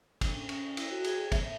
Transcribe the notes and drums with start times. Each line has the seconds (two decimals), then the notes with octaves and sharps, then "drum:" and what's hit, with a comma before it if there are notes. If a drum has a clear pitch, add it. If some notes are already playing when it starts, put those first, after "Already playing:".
0.21 D4, drum: kick, cymbal
0.35 C#4
0.49 C#4, drum: cymbal
0.63 C#4
0.77 E4, drum: cymbal
0.91 F#4
1.04 G#4, drum: cymbal
1.18 G#4
1.32 E5, drum: kick, cymbal